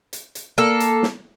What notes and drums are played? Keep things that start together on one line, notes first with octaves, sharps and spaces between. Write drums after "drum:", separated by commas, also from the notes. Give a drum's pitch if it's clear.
drum: hi-hat
drum: hi-hat
A#3 A4
drum: hi-hat
drum: snare